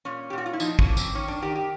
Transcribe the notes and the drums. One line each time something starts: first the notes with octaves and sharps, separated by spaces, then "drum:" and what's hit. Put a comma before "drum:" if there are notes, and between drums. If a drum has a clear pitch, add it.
A#2 C#4
G4
A#2 F#4
F4
E4
F3 D#4, drum: tambourine
C#4, drum: kick
A#3
C4, drum: tambourine
D#3 C#4
D4
D#3 G4
G4